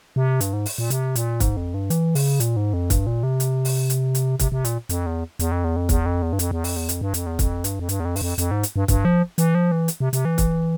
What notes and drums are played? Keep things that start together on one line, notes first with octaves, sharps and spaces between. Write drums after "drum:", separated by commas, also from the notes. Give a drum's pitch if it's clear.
C3
G2, drum: hi-hat
G#2
drum: open hi-hat
A#2
C3, drum: hi-hat
A#2, drum: hi-hat
G#2, drum: kick, hi-hat
F2
G2
E3, drum: hi-hat
C#3, drum: open hi-hat
A#2, drum: hi-hat
G#2
F2
G2, drum: kick, hi-hat
A#2
C3
drum: hi-hat
drum: open hi-hat
drum: hi-hat
drum: hi-hat
C3, drum: kick, hi-hat
C3
A#2, drum: hi-hat
F2, drum: hi-hat
E2
E2, drum: hi-hat
F2
E2
F2
E2, drum: kick, hi-hat
F2
E2
G2
F2, drum: hi-hat
E2
F2, drum: open hi-hat
E2
F2, drum: hi-hat
G2
F2, drum: hi-hat
E2
F2, drum: kick, hi-hat
G2, drum: hi-hat
F2
G2, drum: hi-hat
E2
F2
G2, drum: open hi-hat
F2
F2, drum: hi-hat
G#2
drum: hi-hat
G2
G2, drum: kick, hi-hat
F3
E3, drum: hi-hat
F3
E3
drum: hi-hat
C3
C3, drum: hi-hat
E3
drum: kick, hi-hat